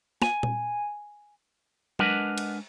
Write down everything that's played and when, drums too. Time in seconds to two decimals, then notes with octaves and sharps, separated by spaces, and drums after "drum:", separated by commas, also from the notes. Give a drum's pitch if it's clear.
0.22 G#5, drum: snare
0.43 drum: tom A#2
1.99 G#3 D4 A#4 B4 D#5 F#5, drum: tom F#3
2.38 drum: cymbal